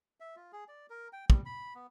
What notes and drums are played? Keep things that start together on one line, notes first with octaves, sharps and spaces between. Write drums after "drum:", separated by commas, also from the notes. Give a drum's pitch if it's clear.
E5
F4
G#4
D5
A#4
G5
G3, drum: kick
B5
B3